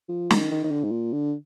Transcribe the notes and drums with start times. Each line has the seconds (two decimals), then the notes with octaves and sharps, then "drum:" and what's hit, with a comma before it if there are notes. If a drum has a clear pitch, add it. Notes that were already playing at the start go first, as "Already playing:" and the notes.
0.09 F3
0.31 D#3, drum: snare
0.51 D#3
0.64 D#3
0.71 D3
0.84 G#2
0.91 A#2
1.12 D3